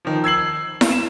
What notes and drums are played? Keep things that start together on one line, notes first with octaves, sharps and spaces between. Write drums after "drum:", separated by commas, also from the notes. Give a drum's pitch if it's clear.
D#3 F3
E6 G#6 C7 F#7
drum: snare E4
E7